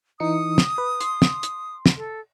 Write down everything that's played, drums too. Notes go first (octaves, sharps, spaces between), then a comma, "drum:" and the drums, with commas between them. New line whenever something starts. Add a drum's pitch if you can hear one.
E3 D#4 D#6 C#7
drum: snare
B4
C6, drum: hi-hat
drum: snare
drum: hi-hat
drum: snare
A4